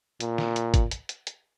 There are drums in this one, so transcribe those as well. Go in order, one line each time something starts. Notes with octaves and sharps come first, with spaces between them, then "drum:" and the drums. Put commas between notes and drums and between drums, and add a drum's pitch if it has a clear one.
A#2, drum: hi-hat
drum: snare
drum: hi-hat
drum: kick, hi-hat
drum: hi-hat
drum: hi-hat
drum: hi-hat